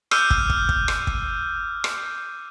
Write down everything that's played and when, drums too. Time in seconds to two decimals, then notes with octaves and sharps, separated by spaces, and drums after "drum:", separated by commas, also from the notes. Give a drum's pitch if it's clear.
0.11 D6 E6 F6 G6 D#7, drum: rim click
0.31 drum: kick
0.50 drum: kick
0.69 drum: kick
0.88 drum: rim click
1.07 drum: kick
1.84 drum: rim click